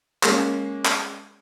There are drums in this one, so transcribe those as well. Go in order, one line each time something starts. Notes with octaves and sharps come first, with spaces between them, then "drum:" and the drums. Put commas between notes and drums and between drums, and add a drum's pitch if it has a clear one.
G#3 A#3 C#4, drum: clap
drum: clap